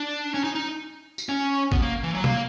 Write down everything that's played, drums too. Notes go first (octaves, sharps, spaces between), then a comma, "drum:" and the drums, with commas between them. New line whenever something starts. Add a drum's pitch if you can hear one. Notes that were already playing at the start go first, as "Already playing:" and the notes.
Already playing: D4
C#4
D#4
D#4
drum: tambourine
C#4
B3, drum: kick
A#3
E3
F#3
A#3, drum: tom B2